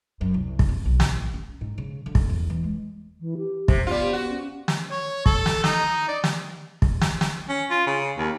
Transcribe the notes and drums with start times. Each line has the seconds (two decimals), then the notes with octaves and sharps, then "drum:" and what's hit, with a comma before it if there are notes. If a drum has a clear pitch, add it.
0.21 F#2
0.34 C2
0.59 drum: kick
0.68 C4
0.85 B1
1.00 A1, drum: snare
1.34 C#4
1.61 G#2
1.78 C#3
2.06 D3
2.15 drum: kick
2.29 E2
2.50 E3
2.64 G#3
3.20 E3
3.38 G4
3.68 C3, drum: kick
3.87 G3 B3 F4
4.13 F#4
4.29 C#4
4.68 drum: snare
4.91 C#5
5.26 A4, drum: kick
5.46 drum: snare
5.64 D#4, drum: snare
6.08 D5
6.24 drum: snare
6.82 drum: kick
7.01 drum: snare
7.21 drum: snare
7.49 C#4
7.70 F4
7.87 C#3
8.18 D#2